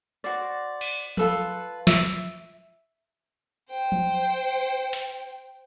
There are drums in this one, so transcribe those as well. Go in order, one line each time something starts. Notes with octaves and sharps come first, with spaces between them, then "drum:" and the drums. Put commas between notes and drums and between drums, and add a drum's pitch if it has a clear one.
F#4 C5 D5
drum: cymbal
F4 A4 B4, drum: tom F3
E5, drum: snare
C5 G5
drum: tom F3
drum: hi-hat